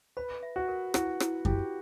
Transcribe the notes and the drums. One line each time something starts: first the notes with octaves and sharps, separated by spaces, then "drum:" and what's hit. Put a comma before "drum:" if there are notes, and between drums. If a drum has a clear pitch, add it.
B4 B5
E5
F#4
A#4
E4 F#4, drum: rim click
E4, drum: rim click
E4 G4, drum: kick F#2